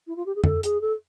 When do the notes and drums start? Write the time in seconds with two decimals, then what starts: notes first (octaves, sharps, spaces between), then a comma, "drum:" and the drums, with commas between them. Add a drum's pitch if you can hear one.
0.07 E4
0.16 F4
0.26 G4
0.35 G#4
0.44 A4, drum: tom F2
0.63 G#4, drum: hi-hat
0.81 A4